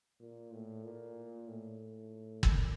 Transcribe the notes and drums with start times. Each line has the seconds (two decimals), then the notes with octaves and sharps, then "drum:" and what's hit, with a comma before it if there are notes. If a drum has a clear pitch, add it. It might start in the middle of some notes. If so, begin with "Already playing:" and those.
0.21 A#2
0.52 A2
0.84 A#2
1.48 A2
2.43 A#2, drum: kick G1